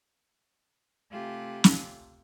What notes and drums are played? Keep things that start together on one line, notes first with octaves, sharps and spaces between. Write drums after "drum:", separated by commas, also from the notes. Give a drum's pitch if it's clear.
C3 A3 F4 G4 G#5 F#6
drum: snare